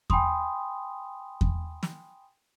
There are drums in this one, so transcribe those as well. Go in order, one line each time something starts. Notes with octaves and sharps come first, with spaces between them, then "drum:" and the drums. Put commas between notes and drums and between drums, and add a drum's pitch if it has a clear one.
G5 G#5 B5 C6 D#6, drum: kick E2
drum: kick E2
drum: snare